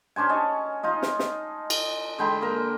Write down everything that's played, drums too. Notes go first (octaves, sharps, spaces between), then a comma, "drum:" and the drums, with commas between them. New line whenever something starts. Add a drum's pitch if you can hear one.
C#4 D4 C5 G#5
C#5 D#5 A5
D#4 F4 D#5
drum: snare
drum: snare
drum: cymbal
D3 G#3 G5 B5
A#3 A#4